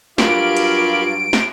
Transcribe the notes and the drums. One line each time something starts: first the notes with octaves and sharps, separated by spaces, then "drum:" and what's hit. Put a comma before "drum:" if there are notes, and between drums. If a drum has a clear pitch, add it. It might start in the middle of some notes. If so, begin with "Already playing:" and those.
G2 F#3 F4 G4 A#4 B5 D7, drum: snare
drum: cymbal
drum: snare